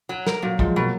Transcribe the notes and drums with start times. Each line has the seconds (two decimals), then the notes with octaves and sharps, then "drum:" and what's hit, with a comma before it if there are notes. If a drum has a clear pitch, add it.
0.09 F#3
0.27 A#4, drum: snare
0.42 A#2 F#3
0.59 A#2 F3 G#3, drum: kick
0.76 B2 F#3 A#3